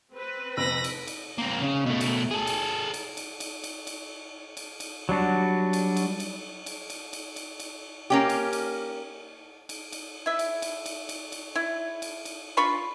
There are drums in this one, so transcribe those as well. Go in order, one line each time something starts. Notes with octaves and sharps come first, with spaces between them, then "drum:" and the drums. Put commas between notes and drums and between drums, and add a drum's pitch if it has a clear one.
C4 B4
F1 F2 B5 E6 A#6
drum: cymbal
drum: cymbal
A#3 C4
C#3
B2 A3
drum: cymbal
G#4 A4
drum: cymbal
drum: cymbal
drum: cymbal
drum: cymbal
drum: cymbal
drum: cymbal
drum: cymbal
drum: cymbal
F#3 G3 D4 F#4
drum: cymbal
drum: cymbal
drum: cymbal
drum: cymbal
drum: cymbal
drum: cymbal
drum: cymbal
drum: cymbal
A#3 C#4 G4
drum: cymbal
drum: cymbal
drum: cymbal
drum: cymbal
E4 E5
drum: cymbal
drum: cymbal
drum: cymbal
drum: cymbal
drum: cymbal
E4
drum: cymbal
drum: cymbal
D4 F4 B5 C#6